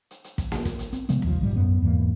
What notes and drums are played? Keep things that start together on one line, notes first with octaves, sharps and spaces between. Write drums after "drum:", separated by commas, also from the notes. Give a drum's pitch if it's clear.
drum: hi-hat
drum: hi-hat
drum: kick, hi-hat
drum: snare A#3
drum: kick, hi-hat
drum: hi-hat
C4, drum: hi-hat
C3 F3 G#3 B3, drum: hi-hat
D#2 F3, drum: kick
A#1 G#2 G3
F#2 B3
E2 G#2 E3 A#3